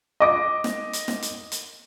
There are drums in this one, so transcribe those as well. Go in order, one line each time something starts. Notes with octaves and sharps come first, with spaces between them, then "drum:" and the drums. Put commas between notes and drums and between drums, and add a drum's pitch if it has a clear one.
D#5 D6 A#6
drum: snare
drum: hi-hat
drum: snare
drum: hi-hat
drum: hi-hat